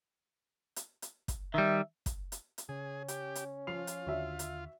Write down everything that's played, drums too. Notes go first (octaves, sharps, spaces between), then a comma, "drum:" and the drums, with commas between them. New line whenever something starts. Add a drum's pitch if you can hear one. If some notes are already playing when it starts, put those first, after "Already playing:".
drum: hi-hat
drum: hi-hat
drum: kick, hi-hat
D#3 G3 E5
drum: kick, hi-hat
drum: hi-hat
drum: hi-hat
C#3 C#4 G#4
G4, drum: hi-hat
drum: hi-hat
F3 F4 C7 F7
drum: hi-hat
D#2 D3 D4 F#4 D5 E5
drum: hi-hat